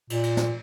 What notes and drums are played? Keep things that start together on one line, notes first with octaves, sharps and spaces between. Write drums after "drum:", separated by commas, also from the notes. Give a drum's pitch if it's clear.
A#2, drum: cymbal
drum: cymbal
drum: snare